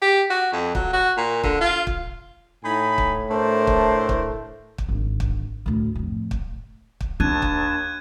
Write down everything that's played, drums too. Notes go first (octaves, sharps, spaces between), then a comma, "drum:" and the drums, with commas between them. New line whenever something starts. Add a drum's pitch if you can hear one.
G4
F#4
F2
F#3, drum: kick
F#4
A#2
D3, drum: kick
F4
drum: kick
A2 D#4 G#5 B5
drum: kick
A3 D4 A#4 C5
drum: kick
drum: kick
drum: kick
G#1 D3
drum: kick
D2 A2
F2 A2
drum: kick
drum: kick
D#2 D4 A5 F#6 G#6 D#7
drum: kick